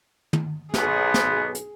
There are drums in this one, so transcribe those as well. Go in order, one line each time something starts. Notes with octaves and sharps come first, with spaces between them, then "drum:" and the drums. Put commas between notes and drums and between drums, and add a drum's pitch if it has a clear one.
drum: tom
B1 B3 G#4, drum: snare
drum: snare
drum: hi-hat